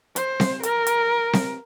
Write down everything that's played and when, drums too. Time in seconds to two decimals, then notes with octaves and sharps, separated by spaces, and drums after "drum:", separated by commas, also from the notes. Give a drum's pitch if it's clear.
0.16 C5, drum: hi-hat
0.40 drum: snare C4
0.63 A#4, drum: hi-hat
0.87 drum: hi-hat
1.33 drum: snare C4